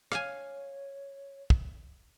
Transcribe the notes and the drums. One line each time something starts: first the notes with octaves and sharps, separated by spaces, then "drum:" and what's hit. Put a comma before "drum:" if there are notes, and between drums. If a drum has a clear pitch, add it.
C#5 F5 G#5, drum: rim click
drum: kick